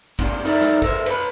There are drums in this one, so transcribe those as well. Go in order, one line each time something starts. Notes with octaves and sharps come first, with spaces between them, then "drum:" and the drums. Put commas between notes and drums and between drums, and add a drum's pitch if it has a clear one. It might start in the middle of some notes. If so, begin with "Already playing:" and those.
A#3 C4 D4 D#4 G4, drum: kick, cymbal
D#4 E4 A4 A#4 D5 E5
drum: snare
A4 A#4 C5 E5, drum: kick
B4 C#5 E5 B5, drum: cymbal